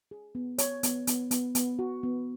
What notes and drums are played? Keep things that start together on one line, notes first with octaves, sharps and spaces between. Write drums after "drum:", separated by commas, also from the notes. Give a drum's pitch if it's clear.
G#4
B3
C#5, drum: hi-hat
B3, drum: hi-hat
B3, drum: hi-hat
B3, drum: hi-hat
B3, drum: hi-hat
F#4
B3